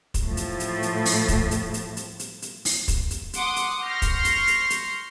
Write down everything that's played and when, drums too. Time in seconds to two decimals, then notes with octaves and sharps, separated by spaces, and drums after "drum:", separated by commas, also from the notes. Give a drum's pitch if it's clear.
0.14 drum: kick, hi-hat
0.25 A2 F3
0.37 drum: hi-hat
0.60 drum: hi-hat
0.83 drum: hi-hat
1.05 drum: open hi-hat
1.28 drum: kick, hi-hat
1.51 drum: hi-hat
1.74 drum: hi-hat
1.97 drum: hi-hat
2.19 drum: hi-hat
2.42 drum: hi-hat
2.65 drum: open hi-hat
2.88 drum: kick, hi-hat
3.11 drum: hi-hat
3.33 F#5 C6 D6 D#6, drum: hi-hat
3.56 drum: hi-hat
3.83 C6 C#6 F6 G6 A#6 C7
4.02 drum: kick, hi-hat
4.25 drum: hi-hat
4.47 drum: hi-hat
4.70 drum: hi-hat